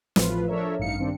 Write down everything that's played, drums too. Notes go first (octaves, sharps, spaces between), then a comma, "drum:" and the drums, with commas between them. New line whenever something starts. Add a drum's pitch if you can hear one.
A1 A2 F3 F4 B4, drum: snare
F3 D4 A4 A#4 C#5 E5
A1 G2 D#4 F5 C#7
G2 D#3 C4 D4